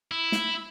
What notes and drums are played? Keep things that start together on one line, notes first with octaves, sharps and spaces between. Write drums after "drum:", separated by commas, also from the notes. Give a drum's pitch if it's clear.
E4
drum: snare